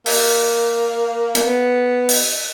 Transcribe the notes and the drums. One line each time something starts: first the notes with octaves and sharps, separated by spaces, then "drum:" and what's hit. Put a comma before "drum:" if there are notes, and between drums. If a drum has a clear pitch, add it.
A#3, drum: open hi-hat
drum: hi-hat
B3
drum: open hi-hat